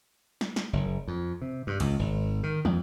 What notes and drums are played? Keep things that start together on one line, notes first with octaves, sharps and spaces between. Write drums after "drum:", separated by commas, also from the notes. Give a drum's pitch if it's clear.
drum: snare
drum: snare
F#1
F2
C3
G2
C#2, drum: cymbal
G#1
D#3
F2, drum: tom